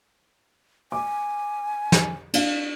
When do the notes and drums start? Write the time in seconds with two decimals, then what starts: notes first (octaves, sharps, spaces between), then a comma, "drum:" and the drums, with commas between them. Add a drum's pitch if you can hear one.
0.92 G#5 D6
1.92 drum: snare
2.34 D4 F5, drum: cymbal